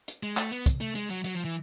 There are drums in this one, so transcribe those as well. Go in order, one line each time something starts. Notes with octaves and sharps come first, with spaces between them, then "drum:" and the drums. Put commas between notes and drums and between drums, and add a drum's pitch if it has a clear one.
drum: hi-hat
G#3
A3, drum: clap
B3
drum: kick, hi-hat
A3
G#3, drum: hi-hat
F#3
F#3, drum: hi-hat
F3
E3